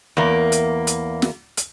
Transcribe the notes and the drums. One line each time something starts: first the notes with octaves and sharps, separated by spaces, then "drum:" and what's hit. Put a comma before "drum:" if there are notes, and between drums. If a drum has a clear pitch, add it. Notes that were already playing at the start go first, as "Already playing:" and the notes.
E2 A#3
drum: hi-hat
drum: hi-hat
drum: snare
drum: hi-hat